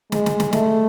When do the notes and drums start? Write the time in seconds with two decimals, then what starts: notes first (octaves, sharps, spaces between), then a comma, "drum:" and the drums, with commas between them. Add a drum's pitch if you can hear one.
0.12 G#3, drum: snare
0.26 drum: snare
0.40 drum: snare
0.53 A3, drum: snare